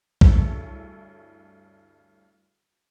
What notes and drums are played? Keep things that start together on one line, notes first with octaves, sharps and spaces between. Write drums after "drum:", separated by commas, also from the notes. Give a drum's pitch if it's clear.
D2 G2 E4 G#4 A4 C#5, drum: kick